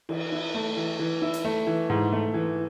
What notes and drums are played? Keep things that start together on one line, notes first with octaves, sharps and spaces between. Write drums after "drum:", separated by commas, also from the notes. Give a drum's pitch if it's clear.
E3, drum: cymbal
E4
A3
E3
E3
E4
drum: hi-hat
A3
E3
G#2
A3
E3